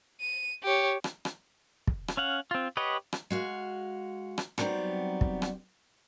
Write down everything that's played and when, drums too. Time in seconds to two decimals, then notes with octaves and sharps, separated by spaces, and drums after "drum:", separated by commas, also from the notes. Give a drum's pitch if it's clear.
0.21 D#7
0.63 G4 C#5
1.04 drum: rim click
1.25 drum: rim click
1.87 drum: kick
2.08 drum: rim click
2.17 C#4 F5 F#5
2.51 C4 F4
2.77 G4 B4 C#5 D#5 F#5
3.13 drum: rim click
3.30 G#3 F#4 F5
4.38 drum: rim click
4.58 F#3 G3 B3 C4 D#4, drum: rim click
5.21 drum: kick
5.42 drum: rim click